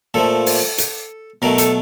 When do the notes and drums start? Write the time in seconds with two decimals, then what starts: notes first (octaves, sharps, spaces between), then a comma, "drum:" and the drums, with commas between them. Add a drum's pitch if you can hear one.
0.14 A#2 F3 A3 A4
0.46 drum: open hi-hat
0.78 drum: hi-hat
1.42 B2 F#3 A3 A#4
1.58 A4, drum: hi-hat